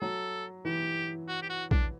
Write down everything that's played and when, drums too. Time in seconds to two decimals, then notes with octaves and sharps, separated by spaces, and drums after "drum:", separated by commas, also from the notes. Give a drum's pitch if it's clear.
0.01 F#3 A4
0.65 E3 G4
1.28 F#4
1.42 G4
1.50 F#4
1.71 D4, drum: kick A#1